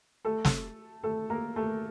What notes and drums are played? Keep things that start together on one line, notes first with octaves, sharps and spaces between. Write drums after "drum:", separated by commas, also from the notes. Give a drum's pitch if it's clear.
A3 A4
drum: snare
A3 A4
A#3 A#4
A3 A4